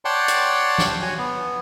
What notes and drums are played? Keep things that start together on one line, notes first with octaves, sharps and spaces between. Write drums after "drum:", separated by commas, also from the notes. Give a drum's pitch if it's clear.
C#5 D5 F#5 G5 A5 C6
drum: hi-hat
drum: snare
F#4 C#5 G#5
B3